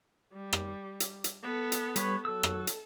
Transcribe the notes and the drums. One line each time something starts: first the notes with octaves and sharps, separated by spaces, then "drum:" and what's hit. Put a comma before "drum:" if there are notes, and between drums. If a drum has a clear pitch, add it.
G3
drum: rim click
drum: hi-hat
drum: hi-hat
B3 A4
drum: hi-hat
G3 B4 C#5, drum: hi-hat
F#3 A4 E6
drum: rim click
drum: hi-hat